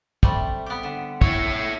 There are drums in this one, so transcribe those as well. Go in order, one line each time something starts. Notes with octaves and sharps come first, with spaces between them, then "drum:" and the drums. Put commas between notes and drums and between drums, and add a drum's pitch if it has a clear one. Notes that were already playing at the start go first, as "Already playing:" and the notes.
C3 G3 A3, drum: kick
B3 G4
D3
E4 C#5, drum: kick